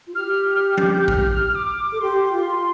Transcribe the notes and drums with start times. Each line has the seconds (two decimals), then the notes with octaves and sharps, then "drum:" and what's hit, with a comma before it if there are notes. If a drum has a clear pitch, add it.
0.07 F4
0.15 G4 F6
0.46 F6
0.77 G6, drum: tom F3
1.02 G6
1.08 F6, drum: kick
1.55 D6
1.92 A4
2.01 G4 C6
2.25 G4
2.32 F4